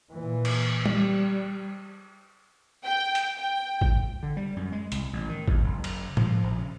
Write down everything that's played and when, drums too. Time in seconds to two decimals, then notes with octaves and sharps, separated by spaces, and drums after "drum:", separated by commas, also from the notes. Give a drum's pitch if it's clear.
0.11 A#2 E3
0.45 drum: cymbal
0.86 G3, drum: tom
2.84 G5
3.15 drum: hi-hat
3.38 G5
3.81 drum: kick G#1
4.23 D3
4.37 G3
4.57 F#2
4.72 G#3
4.92 C2, drum: hi-hat
5.13 A1
5.29 D#3
5.48 D#2, drum: kick G#1
5.64 F#1
5.84 drum: cymbal
6.17 F3, drum: tom
6.44 A#1
6.58 C#3